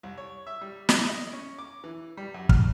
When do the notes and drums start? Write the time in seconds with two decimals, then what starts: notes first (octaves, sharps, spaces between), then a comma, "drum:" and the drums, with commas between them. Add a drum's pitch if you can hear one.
0.03 C2
0.18 C#5
0.47 E5
0.61 G3
0.89 E4, drum: snare
1.09 D#5
1.33 C#4
1.58 D6
1.84 E3
2.17 G3
2.34 F#2
2.49 F6, drum: kick